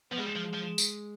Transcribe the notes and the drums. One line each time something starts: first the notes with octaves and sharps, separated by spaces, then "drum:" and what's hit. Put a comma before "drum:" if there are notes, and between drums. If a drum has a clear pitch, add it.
F3 B3
G3 G#3
F3
F3
drum: tambourine